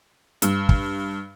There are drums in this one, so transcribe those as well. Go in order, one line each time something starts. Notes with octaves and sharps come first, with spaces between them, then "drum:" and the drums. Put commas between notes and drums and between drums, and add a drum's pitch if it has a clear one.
G2, drum: hi-hat
drum: kick